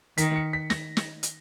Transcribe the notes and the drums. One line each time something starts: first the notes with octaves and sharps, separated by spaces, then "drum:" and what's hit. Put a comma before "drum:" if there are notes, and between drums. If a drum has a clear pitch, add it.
D#3 B6, drum: hi-hat
C#7
B6
A#6, drum: snare
drum: snare
drum: hi-hat